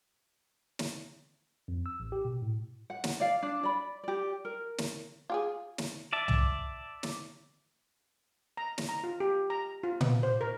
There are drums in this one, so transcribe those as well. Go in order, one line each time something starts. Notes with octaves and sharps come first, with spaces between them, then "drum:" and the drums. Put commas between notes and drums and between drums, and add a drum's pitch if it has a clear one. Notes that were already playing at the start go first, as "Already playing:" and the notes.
drum: snare
F2
E6
A1
G4
B2
A2
F#5
drum: snare
D5 F5
D4
D5 B5
G4 D5
A#4
drum: snare
F4 G4 G#4
drum: snare
D5 E5 A5
drum: tom
drum: snare
A#5
drum: snare
A#5
F4
G4
A#5
F4
B3, drum: tom A#2
C5
A#4